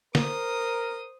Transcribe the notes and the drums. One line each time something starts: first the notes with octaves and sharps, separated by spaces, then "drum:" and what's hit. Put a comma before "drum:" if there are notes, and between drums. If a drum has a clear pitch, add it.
A#4 C5 D#6, drum: snare